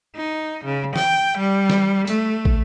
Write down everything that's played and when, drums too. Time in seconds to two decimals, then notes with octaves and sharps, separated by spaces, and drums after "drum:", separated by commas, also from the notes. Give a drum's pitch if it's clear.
0.16 D#4
0.64 C#3
0.96 G5, drum: snare
1.38 G3
1.70 drum: snare
2.07 A3, drum: hi-hat
2.45 drum: kick